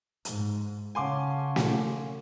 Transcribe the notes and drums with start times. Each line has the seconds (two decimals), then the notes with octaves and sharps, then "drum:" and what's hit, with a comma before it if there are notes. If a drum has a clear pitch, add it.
0.25 G#2, drum: hi-hat
0.95 C#3 C#4 F5 F#5 G#5 A5 C6 D6
1.56 drum: snare